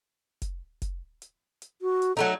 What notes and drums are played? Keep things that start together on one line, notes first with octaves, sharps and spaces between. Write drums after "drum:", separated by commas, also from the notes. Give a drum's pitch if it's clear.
drum: kick F1, hi-hat
drum: kick F1, hi-hat
drum: hi-hat
drum: hi-hat
F#4
drum: hi-hat
F#3 A3 D#4 A4